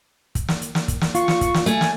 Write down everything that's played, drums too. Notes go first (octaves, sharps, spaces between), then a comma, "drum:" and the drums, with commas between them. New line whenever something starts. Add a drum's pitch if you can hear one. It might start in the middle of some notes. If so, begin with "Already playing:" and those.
drum: kick, hi-hat
drum: snare
drum: hi-hat
drum: snare
drum: kick, hi-hat
drum: snare
F4 C#6, drum: hi-hat
drum: snare
drum: kick, hi-hat
drum: snare
A3 G#5, drum: hi-hat
drum: snare